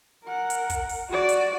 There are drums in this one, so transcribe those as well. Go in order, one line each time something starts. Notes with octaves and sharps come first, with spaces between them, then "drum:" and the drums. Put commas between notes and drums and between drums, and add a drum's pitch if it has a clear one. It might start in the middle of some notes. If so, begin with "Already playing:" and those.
A#4 F#5
drum: hi-hat
drum: kick, hi-hat
drum: open hi-hat
F#4 D5
drum: hi-hat